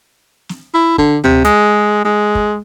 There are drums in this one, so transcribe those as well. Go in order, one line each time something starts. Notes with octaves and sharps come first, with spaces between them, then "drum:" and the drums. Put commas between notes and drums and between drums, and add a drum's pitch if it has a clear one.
drum: snare
E4
D3, drum: kick
C3, drum: tom D2
G#3, drum: hi-hat
G#3
drum: kick